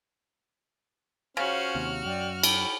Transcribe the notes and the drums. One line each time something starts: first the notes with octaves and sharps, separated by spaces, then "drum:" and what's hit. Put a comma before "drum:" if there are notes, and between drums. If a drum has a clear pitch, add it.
C#3 C#4 F4 F#4 C5 F6
D#2 C3
F#2 D5 G5
G5 B5, drum: cymbal